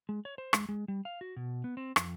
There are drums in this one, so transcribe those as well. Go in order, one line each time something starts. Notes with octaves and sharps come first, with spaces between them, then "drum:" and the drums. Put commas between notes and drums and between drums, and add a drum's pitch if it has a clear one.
G#3
C#5
C5
G#3, drum: rim click
G#3
G3
F5
F#4
B2
B3
C4
F2, drum: rim click